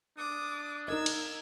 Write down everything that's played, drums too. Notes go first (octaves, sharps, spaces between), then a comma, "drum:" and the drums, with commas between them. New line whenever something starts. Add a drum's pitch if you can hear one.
D4 D6 D#6
D#4 A#4 D#5 E6 G#6
drum: cymbal